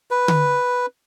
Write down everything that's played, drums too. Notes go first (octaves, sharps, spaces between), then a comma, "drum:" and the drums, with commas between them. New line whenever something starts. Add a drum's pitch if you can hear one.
B4
drum: tom D3